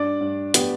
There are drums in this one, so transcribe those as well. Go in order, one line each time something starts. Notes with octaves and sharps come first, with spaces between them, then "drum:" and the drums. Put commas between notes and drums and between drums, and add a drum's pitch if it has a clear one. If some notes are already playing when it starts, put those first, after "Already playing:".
Already playing: G2 D4 D5
G2
B3 G4, drum: hi-hat